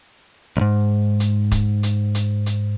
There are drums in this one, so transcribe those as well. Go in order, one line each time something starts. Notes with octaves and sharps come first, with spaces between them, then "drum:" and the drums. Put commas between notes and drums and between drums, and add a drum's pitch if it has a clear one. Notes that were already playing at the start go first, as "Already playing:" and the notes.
B1 G#2
drum: hi-hat
drum: kick, hi-hat
drum: hi-hat
drum: hi-hat
drum: hi-hat